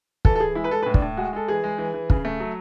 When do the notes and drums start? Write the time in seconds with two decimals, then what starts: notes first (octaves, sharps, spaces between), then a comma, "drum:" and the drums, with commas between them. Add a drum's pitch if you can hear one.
0.25 E3 A4, drum: kick
0.35 A4
0.40 E3 G#4
0.55 G#3 E4
0.64 B4
0.71 G#3 A4
0.83 B4
0.86 A2
0.94 D4, drum: kick
1.02 A2
1.17 G#3 F#4
1.33 G#3 A4
1.48 E3 G#4
1.64 G#3
1.78 E3
1.94 E3
2.10 C#3, drum: kick
2.25 A3
2.40 F#3